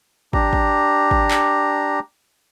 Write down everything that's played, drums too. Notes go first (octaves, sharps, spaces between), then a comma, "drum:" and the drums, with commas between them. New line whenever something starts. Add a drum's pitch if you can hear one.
D4 G4 A#5, drum: kick
drum: kick
drum: kick
drum: clap